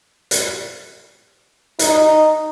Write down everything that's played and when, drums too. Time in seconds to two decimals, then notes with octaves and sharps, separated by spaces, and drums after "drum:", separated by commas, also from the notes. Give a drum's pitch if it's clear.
0.31 drum: hi-hat
1.79 D#4, drum: hi-hat